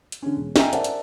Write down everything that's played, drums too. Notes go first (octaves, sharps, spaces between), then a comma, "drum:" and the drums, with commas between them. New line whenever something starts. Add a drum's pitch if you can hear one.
drum: hi-hat
D3 C#4
E1
D#5 E5 G5 G#5 A#5, drum: snare
A#4 C5 D5 E5 F#5 A5, drum: hi-hat
drum: hi-hat